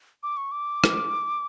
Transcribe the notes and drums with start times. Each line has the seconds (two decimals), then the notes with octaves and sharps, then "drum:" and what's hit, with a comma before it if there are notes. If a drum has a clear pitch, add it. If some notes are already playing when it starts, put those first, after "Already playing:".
0.23 D6
0.37 C#6
0.52 D6
0.84 drum: rim click